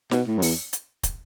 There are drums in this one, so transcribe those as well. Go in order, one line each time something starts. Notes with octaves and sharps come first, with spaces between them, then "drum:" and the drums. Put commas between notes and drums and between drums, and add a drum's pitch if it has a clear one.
B2, drum: snare
A2
F#2
E2, drum: open hi-hat
drum: hi-hat
drum: kick, hi-hat